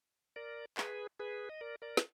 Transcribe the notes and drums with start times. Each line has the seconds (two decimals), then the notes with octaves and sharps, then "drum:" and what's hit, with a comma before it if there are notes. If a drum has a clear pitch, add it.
0.36 A#4 D5
0.77 G#4 B4, drum: clap
1.20 G#4 B4
1.49 D#5
1.61 A#4 D5
1.82 A#4 D5
1.97 B4, drum: snare